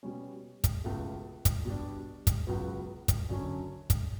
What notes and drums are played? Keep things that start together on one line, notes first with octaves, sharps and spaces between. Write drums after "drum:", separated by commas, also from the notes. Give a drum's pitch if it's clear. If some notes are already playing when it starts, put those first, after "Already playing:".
B2 G3 C#4
drum: kick, hi-hat
C#2 B2 A3
drum: kick, hi-hat
B2 G3 D4
drum: kick, hi-hat
C#2 B2 F#3 B3 F#4
drum: kick, hi-hat
F#2 D3 F#3 C#4
drum: kick, hi-hat